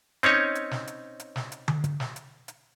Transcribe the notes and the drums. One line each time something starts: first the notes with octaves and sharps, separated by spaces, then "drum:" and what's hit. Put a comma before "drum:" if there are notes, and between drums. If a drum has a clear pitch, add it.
C4 C#4 D#4 C#5, drum: hi-hat
drum: hi-hat
drum: snare
drum: hi-hat
drum: hi-hat
drum: snare
drum: hi-hat
drum: tom D3
drum: hi-hat
drum: snare
drum: hi-hat
drum: hi-hat